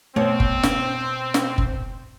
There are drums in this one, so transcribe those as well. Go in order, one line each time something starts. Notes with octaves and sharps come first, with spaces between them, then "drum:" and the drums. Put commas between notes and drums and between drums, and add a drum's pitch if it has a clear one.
B2 A3 C4 C#5
drum: kick F#1
drum: snare
drum: snare
drum: kick F#1